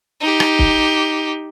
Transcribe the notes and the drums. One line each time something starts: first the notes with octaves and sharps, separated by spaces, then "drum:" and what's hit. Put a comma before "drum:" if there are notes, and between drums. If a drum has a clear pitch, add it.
D#4 G4
drum: rim click
drum: kick